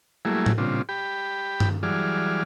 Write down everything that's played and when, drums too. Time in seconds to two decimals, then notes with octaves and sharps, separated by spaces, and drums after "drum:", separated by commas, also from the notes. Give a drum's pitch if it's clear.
0.25 F#3 G3 A3 A#3 E4 G#4
0.46 drum: tom A2
0.58 A#2 C#3 G3 C4 D4 F4
0.89 G4 G5 B5
1.60 drum: tom G2
1.83 E3 F#3 G3 G#4 D5 F6